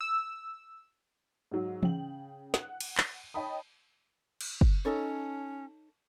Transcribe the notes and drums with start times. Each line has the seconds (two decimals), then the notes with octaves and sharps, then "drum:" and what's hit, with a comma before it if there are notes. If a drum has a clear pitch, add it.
0.01 E6
1.51 G#2 F#3
1.83 C#3 G5 F#7, drum: tom E3
2.54 F#5 F#6, drum: snare
2.80 drum: cymbal
2.98 drum: clap
3.34 C#5 D#5 G5 A5 B5 D#6
4.41 drum: cymbal
4.61 drum: kick
4.85 C#4 D#4 A4 C#5